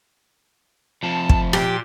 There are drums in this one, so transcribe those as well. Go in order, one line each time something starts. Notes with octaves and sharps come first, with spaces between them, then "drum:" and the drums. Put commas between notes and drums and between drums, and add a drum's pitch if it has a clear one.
F2 C3 F3 A5
drum: kick
A#2 G4 C6, drum: rim click